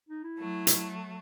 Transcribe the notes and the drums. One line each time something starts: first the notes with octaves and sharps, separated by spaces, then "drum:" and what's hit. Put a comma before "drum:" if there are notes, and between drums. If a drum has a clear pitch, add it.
D#4
E4
F#3 A3
drum: hi-hat